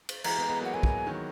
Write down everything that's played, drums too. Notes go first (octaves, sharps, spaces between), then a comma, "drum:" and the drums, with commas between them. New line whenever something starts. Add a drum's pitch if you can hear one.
drum: cymbal
E3 G#3 A#5, drum: cymbal
G#3 B3
G#3 B3
F#3 A#3 F#5
F#3 A#3 G#5
drum: kick
D#3 F#3